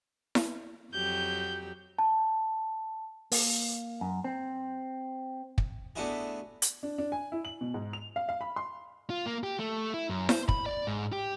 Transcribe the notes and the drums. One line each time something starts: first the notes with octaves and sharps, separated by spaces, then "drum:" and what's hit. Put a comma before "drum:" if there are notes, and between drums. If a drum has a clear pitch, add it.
drum: snare E4
F2 F#3 G4 G6
A5
A#3, drum: open hi-hat
F#2
C4
drum: kick
A3 B3 D4 E4 F#4 G#4
drum: hi-hat
D4
D4
G#5
E4
F#7
B2
G#2
F7
F5
F5
B5
C6
F4
A#3
G4
A3
E4
F#2
C5, drum: snare E4
B5, drum: kick
D5
G#2
G4